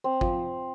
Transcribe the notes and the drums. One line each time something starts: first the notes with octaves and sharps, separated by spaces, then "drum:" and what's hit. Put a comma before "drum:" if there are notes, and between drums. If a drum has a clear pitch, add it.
C4
F3, drum: kick